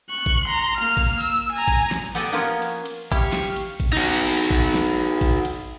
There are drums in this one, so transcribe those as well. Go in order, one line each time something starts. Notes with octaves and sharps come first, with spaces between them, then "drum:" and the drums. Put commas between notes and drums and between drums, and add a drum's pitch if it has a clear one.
C#6 F#6
drum: kick A1
A#5 C6
A#3 F6
drum: kick A1, cymbal
E6, drum: cymbal
G#5 A#5
drum: kick A1, cymbal
drum: snare
B3 G4 A4 D5 D#5 G#5, drum: cymbal
F3 A#3 B3 C#4 F4 F#4
drum: cymbal
drum: cymbal
E4 G4 F5 C#6, drum: kick A1, cymbal
drum: snare
drum: cymbal
drum: kick A1, cymbal
D#4 F#4
drum: cymbal
drum: cymbal
drum: kick A1, cymbal
drum: snare
drum: kick A1, cymbal
drum: cymbal